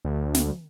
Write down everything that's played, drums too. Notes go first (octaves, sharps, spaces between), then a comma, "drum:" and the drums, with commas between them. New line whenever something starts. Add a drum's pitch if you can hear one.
D2
drum: snare